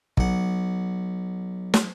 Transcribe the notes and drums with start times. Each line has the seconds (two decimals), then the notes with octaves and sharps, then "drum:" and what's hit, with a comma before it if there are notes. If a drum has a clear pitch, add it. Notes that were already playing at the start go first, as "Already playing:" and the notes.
0.17 B1 F#5, drum: kick
1.74 drum: snare